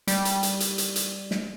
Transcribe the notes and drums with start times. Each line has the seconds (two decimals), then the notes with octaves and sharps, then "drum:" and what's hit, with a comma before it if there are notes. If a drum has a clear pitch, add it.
0.07 G3, drum: hi-hat
0.25 drum: hi-hat
0.43 drum: hi-hat
0.60 drum: hi-hat
0.78 drum: hi-hat
0.96 drum: hi-hat
1.31 drum: snare